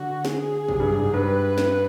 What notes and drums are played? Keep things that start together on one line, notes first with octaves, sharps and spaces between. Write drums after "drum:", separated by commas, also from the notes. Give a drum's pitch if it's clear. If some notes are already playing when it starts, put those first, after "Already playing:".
Already playing: D3 F#4
G#4, drum: snare
C3, drum: kick
G2
G2
G#2
G2 B4
drum: snare